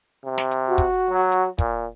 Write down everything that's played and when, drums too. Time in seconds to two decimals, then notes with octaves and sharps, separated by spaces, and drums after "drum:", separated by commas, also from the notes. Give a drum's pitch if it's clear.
0.25 C3
0.38 drum: snare
0.51 drum: hi-hat
0.68 F#4
0.78 drum: kick, hi-hat
1.10 F#3
1.32 drum: hi-hat
1.59 A#2, drum: kick, hi-hat